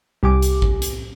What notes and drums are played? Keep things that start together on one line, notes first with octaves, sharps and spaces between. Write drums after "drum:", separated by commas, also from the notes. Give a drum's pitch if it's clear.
C2 G4 G#5 D6
drum: hi-hat
drum: kick A1
drum: hi-hat